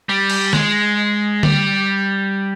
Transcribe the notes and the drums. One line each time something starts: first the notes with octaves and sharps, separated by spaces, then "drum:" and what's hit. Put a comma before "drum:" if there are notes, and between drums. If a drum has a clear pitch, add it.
G3
drum: cymbal
G#3, drum: snare
G3, drum: tom D3